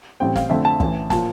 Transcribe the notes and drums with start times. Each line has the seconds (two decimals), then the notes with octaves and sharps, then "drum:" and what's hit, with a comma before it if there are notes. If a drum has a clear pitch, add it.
0.20 A1 A2 G3 C4 G5
0.36 F5, drum: snare
0.50 F2 D3 A3 C4 E5
0.65 A5
0.80 A1 A2 E3, drum: kick
1.10 A#2 F3 A5, drum: snare